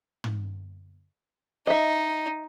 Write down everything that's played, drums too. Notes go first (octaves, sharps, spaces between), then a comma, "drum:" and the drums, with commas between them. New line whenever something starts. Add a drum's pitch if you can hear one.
drum: tom
D#4 D#5 E5